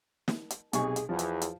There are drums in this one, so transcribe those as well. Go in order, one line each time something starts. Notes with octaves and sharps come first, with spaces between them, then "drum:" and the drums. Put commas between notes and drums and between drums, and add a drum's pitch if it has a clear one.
drum: snare
drum: hi-hat
B1 C3 G#4 C#6, drum: hi-hat
drum: hi-hat
E2 F3
drum: hi-hat
drum: hi-hat